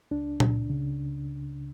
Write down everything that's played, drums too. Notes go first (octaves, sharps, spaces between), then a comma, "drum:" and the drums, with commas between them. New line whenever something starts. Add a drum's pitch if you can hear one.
C#2 D4
C#2, drum: tom A#2
C#3